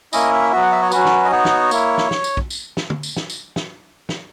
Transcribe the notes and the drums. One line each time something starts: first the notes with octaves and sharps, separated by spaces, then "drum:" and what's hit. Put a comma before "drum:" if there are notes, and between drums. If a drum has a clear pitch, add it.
A#3 C#4 E4 D#5, drum: tambourine
E5
F#3 B3 F#4 E5
F#5
E5
C#5
F#3 C#4 F#4 B4, drum: tambourine
drum: snare
D#5
B3 D#4 F#4 C#5
drum: snare
A#3 E4, drum: tambourine
drum: snare
drum: snare
drum: tambourine
drum: kick
drum: tambourine
drum: snare
drum: tom
drum: tambourine
drum: snare
drum: tambourine
drum: snare
drum: snare